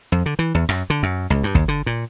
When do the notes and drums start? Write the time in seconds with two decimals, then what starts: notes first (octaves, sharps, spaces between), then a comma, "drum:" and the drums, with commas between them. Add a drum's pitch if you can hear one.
0.12 F2
0.26 D3
0.39 E3
0.55 E2
0.69 F#2, drum: rim click
0.90 D3
1.03 F#2
1.30 C#2
1.43 G2
1.55 D#2, drum: kick
1.68 D3
1.86 A#2